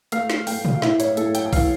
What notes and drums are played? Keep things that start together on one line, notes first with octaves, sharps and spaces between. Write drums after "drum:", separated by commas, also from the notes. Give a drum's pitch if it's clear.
A3 F5, drum: hi-hat
drum: snare
A3 G5, drum: open hi-hat
drum: tom A#2
F5
A2 E5, drum: snare
C#5, drum: hi-hat
A2 A4, drum: hi-hat
G5, drum: hi-hat
G5
E3 F5, drum: kick A#1, open hi-hat